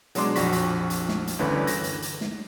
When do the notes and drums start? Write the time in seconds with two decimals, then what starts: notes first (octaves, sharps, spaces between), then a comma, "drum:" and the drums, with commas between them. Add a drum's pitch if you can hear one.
0.15 B2 F#3 G#3 D4 C6 D6, drum: hi-hat
0.36 A#1 F2 F#4 C#6 A#6 B6, drum: hi-hat
0.52 drum: hi-hat
0.90 drum: hi-hat
1.09 drum: snare
1.27 drum: hi-hat
1.39 G1 D2 D3 E3 C#4 B4
1.67 A#6, drum: hi-hat
1.84 drum: hi-hat
2.02 drum: hi-hat
2.21 drum: snare